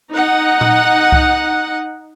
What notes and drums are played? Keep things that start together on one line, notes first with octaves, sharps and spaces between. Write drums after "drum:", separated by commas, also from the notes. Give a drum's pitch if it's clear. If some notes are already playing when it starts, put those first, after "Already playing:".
D#4 F#5
drum: tom A#2
drum: kick C2